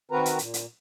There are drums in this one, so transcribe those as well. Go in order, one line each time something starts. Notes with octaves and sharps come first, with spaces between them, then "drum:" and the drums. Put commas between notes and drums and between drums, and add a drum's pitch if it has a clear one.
D#3 C4 F#4 A#4 B4 A#5
drum: hi-hat
A#2, drum: hi-hat
drum: hi-hat